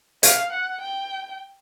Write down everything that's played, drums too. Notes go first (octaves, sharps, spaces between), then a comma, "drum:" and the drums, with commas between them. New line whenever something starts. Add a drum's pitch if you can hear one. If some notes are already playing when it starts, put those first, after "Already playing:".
F5, drum: hi-hat
F#5
G5